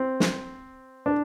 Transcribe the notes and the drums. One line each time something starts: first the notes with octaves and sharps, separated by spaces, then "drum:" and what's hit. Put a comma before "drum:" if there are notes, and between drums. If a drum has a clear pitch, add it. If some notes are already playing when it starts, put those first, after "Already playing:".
Already playing: C4
drum: snare
D4